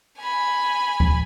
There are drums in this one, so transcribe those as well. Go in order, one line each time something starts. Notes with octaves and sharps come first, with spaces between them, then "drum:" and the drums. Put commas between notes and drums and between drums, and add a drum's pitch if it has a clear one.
G#5 B5
drum: kick D2